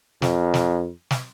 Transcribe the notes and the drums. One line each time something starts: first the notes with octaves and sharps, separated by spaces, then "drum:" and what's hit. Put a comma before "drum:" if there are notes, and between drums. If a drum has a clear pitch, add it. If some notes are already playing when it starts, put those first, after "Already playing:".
F2, drum: snare
drum: snare
drum: snare